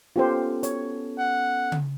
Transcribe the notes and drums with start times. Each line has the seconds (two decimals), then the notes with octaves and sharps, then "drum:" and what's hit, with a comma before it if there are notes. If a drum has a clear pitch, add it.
0.16 B3 C#4 F4 G4 A4 C5
0.63 C#5, drum: hi-hat
1.18 F#5
1.72 drum: tom C#3